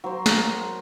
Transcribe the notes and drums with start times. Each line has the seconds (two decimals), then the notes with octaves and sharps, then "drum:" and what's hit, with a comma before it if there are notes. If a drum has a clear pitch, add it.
0.04 F#3 A#4 C5
0.26 drum: snare